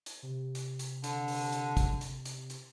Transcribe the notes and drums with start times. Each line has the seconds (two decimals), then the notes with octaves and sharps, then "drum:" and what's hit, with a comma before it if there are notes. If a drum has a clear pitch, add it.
0.06 drum: hi-hat
0.23 C3
0.55 drum: hi-hat
0.79 drum: hi-hat
1.04 D3, drum: hi-hat
1.28 drum: open hi-hat
1.52 drum: hi-hat
1.77 drum: kick, hi-hat
2.01 drum: hi-hat
2.25 drum: hi-hat
2.50 drum: hi-hat